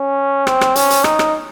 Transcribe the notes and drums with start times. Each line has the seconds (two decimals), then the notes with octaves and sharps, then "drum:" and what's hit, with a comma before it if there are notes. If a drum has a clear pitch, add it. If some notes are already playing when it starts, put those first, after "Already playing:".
Already playing: C#4
0.47 C4, drum: rim click
0.61 drum: rim click
0.76 C#4, drum: hi-hat
0.90 drum: hi-hat
1.04 D#4, drum: rim click
1.19 drum: rim click